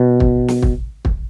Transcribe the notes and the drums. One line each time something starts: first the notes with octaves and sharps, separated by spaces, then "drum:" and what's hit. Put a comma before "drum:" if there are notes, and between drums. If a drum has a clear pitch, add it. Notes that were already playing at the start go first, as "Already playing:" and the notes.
Already playing: B2
drum: kick
drum: snare
drum: kick
drum: kick